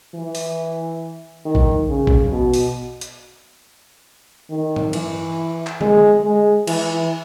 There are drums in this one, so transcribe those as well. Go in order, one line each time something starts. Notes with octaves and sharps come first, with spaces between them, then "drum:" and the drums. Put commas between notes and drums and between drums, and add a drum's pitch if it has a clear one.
E3
drum: open hi-hat
D#3
drum: kick A#1
C#3
drum: kick A#1
B2
drum: open hi-hat
drum: hi-hat
D#3
drum: tom G2
E3, drum: cymbal
drum: clap
G#3, drum: tom D3
G#3
E3, drum: cymbal